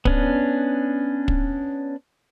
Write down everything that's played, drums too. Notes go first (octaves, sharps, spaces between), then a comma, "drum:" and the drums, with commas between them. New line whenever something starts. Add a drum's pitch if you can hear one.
B3 C#4 D4, drum: kick
drum: kick